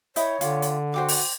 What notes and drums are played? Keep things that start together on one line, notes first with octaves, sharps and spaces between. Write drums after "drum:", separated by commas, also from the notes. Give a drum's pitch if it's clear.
E4 C#5 D#5 G5, drum: hi-hat
D3 F4 G4, drum: hi-hat
drum: hi-hat
F#4 C5 G5 D6
drum: open hi-hat